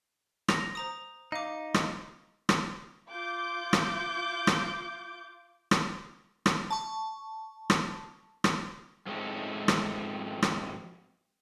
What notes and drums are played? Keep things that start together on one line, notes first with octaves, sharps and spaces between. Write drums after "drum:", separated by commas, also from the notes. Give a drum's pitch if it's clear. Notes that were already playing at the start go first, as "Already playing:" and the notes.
A#6 F7, drum: rim click
C5 A#5 D#6
D#4 F5 D6
drum: rim click
drum: rim click
F4 D6 G6
drum: rim click
drum: rim click
drum: rim click
drum: rim click
A5 C#6
drum: rim click
drum: rim click
F2 G#2 G#3 A3 C4 C#4
drum: rim click
drum: rim click